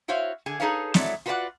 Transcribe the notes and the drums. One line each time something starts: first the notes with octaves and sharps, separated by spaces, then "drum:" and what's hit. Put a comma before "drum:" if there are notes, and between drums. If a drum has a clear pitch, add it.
E4 F#4 C5 C#5 F5
D3 G#4 G#5
D#4 G#4 A4 B4 C#5 F5
F#3 G#3 A3 E4 C#5 D5, drum: snare
F4 F#4 B4 C5 D5 F#5